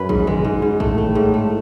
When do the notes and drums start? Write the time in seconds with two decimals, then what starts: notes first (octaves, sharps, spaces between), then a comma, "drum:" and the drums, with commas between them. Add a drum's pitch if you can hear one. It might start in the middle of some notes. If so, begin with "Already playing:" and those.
Already playing: F#2 C#4 B4
0.09 G#2, drum: kick
0.27 G#3, drum: tom
0.44 G#2
0.62 G#2
0.80 A2 A3, drum: kick
0.98 A3, drum: tom
1.15 G#2
1.34 A3